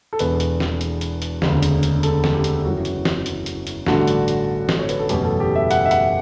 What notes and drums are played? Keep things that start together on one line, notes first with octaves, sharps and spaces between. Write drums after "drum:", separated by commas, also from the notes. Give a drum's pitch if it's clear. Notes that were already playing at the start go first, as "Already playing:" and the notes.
A4
E1 E2 B2 B4, drum: hi-hat
drum: hi-hat
drum: snare
drum: hi-hat
drum: hi-hat
drum: hi-hat
E1 D2 C#3, drum: snare
drum: hi-hat
drum: hi-hat
A4, drum: hi-hat
drum: snare
G4
drum: hi-hat
F#1 F#2 E3 F#4
drum: hi-hat
drum: snare
drum: hi-hat
drum: hi-hat
drum: hi-hat
A1 G2 D3 A3 F#4, drum: snare
drum: hi-hat
drum: hi-hat
drum: snare
C#5
B4, drum: hi-hat
A4
F#1 E2 B2 F#3 A3 G4, drum: hi-hat
A4
G4
E5
F#5, drum: hi-hat
E5
F#5, drum: hi-hat